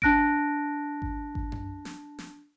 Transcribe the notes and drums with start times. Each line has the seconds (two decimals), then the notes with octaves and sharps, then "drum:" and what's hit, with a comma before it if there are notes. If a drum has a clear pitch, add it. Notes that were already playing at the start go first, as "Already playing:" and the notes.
0.02 D4 A5 F#6 A#6 D7, drum: kick G#1
1.02 drum: kick G#1
1.35 drum: kick G#1
1.52 drum: tom F#2
1.85 drum: snare
2.19 drum: snare